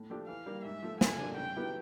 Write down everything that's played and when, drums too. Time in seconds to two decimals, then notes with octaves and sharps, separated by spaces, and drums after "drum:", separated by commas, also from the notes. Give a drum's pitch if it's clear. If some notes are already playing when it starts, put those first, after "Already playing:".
Already playing: A2
0.10 F3 A3 D4 G4
0.28 E3 F5
0.46 G3 A#3
0.65 G#2 E5
0.82 F3 A3
1.01 F2 G#5, drum: snare
1.19 D3 G3 A#3 D4
1.37 C#3 G5
1.56 F#3 B3 E4 G4